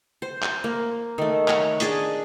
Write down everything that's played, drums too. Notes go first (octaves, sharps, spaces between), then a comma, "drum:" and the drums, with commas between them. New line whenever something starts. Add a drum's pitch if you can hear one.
C5
drum: clap
A#3
D#3 A3
C#5 F#5 A#5, drum: clap
D4 G#4 D5 D#5, drum: hi-hat